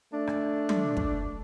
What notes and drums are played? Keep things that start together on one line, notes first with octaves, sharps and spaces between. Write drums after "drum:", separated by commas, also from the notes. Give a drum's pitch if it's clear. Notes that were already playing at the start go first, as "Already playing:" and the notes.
A3 D4
drum: rim click
drum: tom F#3
drum: kick